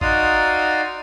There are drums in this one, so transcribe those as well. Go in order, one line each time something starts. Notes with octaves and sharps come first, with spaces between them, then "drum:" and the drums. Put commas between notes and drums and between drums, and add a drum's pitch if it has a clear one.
D#4 F#4 D5 F5 C6 D#6, drum: kick